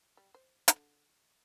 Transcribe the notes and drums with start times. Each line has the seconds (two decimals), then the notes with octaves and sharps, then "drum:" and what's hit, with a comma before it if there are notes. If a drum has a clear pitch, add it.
0.17 G3
0.34 C5
0.68 D3, drum: hi-hat